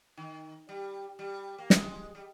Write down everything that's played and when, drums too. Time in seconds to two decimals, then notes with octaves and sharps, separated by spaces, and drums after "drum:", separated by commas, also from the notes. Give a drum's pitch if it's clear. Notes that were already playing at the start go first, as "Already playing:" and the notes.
0.17 D#3
0.69 G3
1.19 G3
1.58 A#3
1.70 G#3, drum: snare
2.15 G3